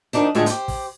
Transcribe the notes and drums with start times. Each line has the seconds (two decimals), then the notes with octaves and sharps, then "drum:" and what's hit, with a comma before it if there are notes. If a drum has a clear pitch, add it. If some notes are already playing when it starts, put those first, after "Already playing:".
0.13 D#3 F3 D4 D#4
0.35 A2 D3 G#3 A3 F4 G#4
0.46 G4 C5, drum: hi-hat
0.68 drum: kick, open hi-hat